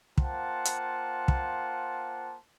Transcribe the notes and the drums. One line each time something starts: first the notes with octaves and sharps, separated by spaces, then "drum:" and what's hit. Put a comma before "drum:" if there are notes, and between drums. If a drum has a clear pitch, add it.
A#3 F4 C5 F#5 G5 A5, drum: kick
drum: hi-hat
drum: kick